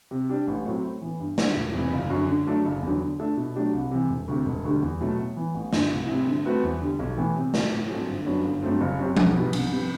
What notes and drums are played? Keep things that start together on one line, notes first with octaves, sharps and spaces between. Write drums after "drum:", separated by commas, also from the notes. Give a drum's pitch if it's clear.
C3
G3 D4 G4
A1
A2 F#3 C4
A2
E3 B3
G2
D3 G3, drum: snare
E1
E2 C3 E3
F#1
F#2 D3
D3
F#3 A3 D4 A4
F#1
E2 D3 F#3
D3
A3 D4 A4 E5
B2
F#3 A3 D4 G4
C2
C3 E3
E1
D2 C3
E1
D2 D3 G3
E2
B2 F#3 A3
A2
E3 B3
A1
G2 D3, drum: snare
C2
C3 G3 C4 E4
D3
A3 C4 F#4 B4
E2
D3 G3
B1
A2 E3 B3
C3
F#3 A3, drum: snare
A2
F#3 C4 F#4 A4
G1
F#2 F#3 B3 D4
G1
G2 F#3 A3 C4
F#1
F#2 F#3 C4 G4
B1, drum: tom F3
B2 G3 B3
C2, drum: cymbal
C3 G3 B3